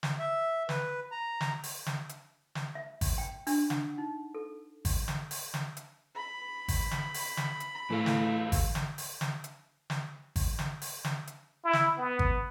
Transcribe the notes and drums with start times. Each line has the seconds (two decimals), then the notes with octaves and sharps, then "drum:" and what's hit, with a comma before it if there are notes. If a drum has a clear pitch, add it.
0.03 drum: snare
0.19 E5
0.69 B4, drum: snare
1.12 A#5
1.41 drum: snare
1.63 drum: open hi-hat
1.86 drum: snare
2.09 drum: hi-hat
2.55 drum: snare
2.75 E5
3.01 drum: kick G#1, open hi-hat
3.18 G5
3.47 D4, drum: open hi-hat
3.70 F#5, drum: snare
3.98 D#4
4.35 A4
4.85 drum: kick G#1, open hi-hat
5.08 drum: snare
5.31 drum: open hi-hat
5.54 drum: snare
5.77 drum: hi-hat
6.15 B5
6.68 drum: kick G#1, open hi-hat
6.91 drum: snare
7.14 drum: open hi-hat
7.37 drum: snare
7.60 drum: hi-hat
7.90 A2 E3 A4 F5
8.06 drum: snare
8.52 drum: kick G#1, open hi-hat
8.75 drum: snare
8.98 drum: open hi-hat
9.21 drum: snare
9.44 drum: hi-hat
9.90 drum: snare
10.36 drum: kick G#1, open hi-hat
10.59 drum: snare
10.82 drum: open hi-hat
11.04 drum: snare
11.27 drum: hi-hat
11.64 E4
11.73 drum: snare
11.98 B3
12.19 drum: kick G#1